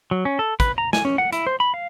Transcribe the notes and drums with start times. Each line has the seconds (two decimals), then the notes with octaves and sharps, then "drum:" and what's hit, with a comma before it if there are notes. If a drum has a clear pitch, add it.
0.11 F#3
0.25 C#4
0.39 A4
0.60 B4, drum: kick, hi-hat
0.78 A#5
0.93 G#5, drum: snare
1.05 C#4
1.18 F#5
1.32 E4, drum: hi-hat
1.47 C5
1.60 B5
1.74 F5